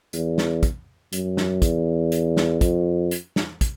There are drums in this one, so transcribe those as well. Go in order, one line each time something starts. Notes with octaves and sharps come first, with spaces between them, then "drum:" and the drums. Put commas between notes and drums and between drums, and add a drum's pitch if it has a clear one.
E2, drum: hi-hat
drum: snare
drum: kick, hi-hat
F#2, drum: hi-hat
drum: snare
E2, drum: kick, hi-hat
drum: hi-hat
drum: snare
F2, drum: kick, hi-hat
drum: hi-hat
drum: snare
drum: kick, hi-hat